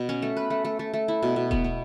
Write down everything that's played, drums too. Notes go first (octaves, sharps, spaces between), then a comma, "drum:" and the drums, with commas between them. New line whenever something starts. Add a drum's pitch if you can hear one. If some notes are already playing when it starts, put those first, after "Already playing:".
Already playing: B2
C#4
A3
B4
A3
A3
A3
A3
E4
B2
B2
B3, drum: kick D#1
B3